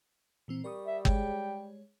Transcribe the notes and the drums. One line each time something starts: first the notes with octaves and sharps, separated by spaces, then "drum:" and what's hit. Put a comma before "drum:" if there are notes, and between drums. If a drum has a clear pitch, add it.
A#2 E3 C4
G3 A#4 C#6 D#6
E5
G#3 G#4 C#5 G5, drum: kick